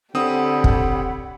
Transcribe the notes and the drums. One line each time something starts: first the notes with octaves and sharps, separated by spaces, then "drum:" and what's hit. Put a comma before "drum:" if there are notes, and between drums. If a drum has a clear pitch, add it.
D3 C4 G4 C#5 F#5 B5 D#6
drum: kick